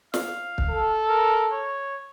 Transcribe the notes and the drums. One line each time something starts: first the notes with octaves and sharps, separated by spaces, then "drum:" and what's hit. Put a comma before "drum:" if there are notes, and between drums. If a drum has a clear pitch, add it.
F5, drum: snare
drum: kick
A4
A#4
C#5